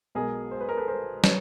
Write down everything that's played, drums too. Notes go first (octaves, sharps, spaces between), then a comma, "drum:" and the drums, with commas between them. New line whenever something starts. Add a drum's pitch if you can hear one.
B1 B2 G#3 G#4 A#4
C5
B4
A#4
A4 B4
A#4 C5
B4 C#5, drum: snare